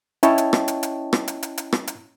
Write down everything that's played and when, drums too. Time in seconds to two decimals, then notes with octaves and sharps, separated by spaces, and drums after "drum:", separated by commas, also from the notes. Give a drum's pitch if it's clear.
0.23 C#4 E4 C#5 D#5 G5 A5, drum: hi-hat
0.38 drum: hi-hat
0.53 drum: rim click
0.68 drum: hi-hat
0.83 drum: hi-hat
1.13 drum: rim click
1.28 drum: hi-hat
1.43 drum: hi-hat
1.58 drum: hi-hat
1.73 drum: rim click
1.87 drum: hi-hat